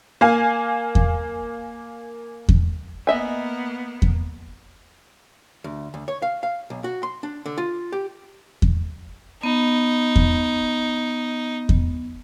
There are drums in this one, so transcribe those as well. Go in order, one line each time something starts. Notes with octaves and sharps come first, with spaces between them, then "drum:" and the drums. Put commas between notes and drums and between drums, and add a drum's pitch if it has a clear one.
A#3 F5 G#5
drum: kick E2
drum: kick E2
A#3 B3 D#5 E5 G#5
drum: kick E2
D2
D2
C#5
F5
F5
B1
F#4
C6
D4
D3
F4
G4
drum: kick E2
B3 D#4
drum: kick E2
drum: kick E2